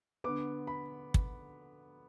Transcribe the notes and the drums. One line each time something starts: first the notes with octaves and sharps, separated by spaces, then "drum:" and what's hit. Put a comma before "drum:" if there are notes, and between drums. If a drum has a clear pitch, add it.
D3 B3 D6
B5
drum: kick